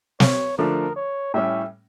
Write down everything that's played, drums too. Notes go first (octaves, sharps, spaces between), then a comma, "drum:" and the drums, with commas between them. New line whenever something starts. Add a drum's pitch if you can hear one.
C#5, drum: snare
D3 F3 A3 D4 A#4
C#5
A2 G3 C#4 E5